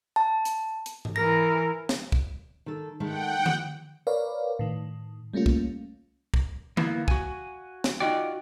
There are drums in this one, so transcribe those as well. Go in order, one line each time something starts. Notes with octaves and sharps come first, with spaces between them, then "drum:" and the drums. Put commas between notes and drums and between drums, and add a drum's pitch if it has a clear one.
A5
drum: hi-hat
drum: hi-hat
drum: tom G#2
E3 A#4 A#6
drum: snare
drum: kick C2
D#3 A4
D#3 G#3 A3 F#5 G5
drum: tom D3
A#4 B4 C#5 D5 F5
A2 D#3
G3 A3 A#3 C#4 F4
drum: kick C2
drum: kick C2
A#3 B3 E4 F5, drum: tom D3
F#4 G#5, drum: kick C2
drum: snare
D#4 F4 F#4 D5 D#5 G5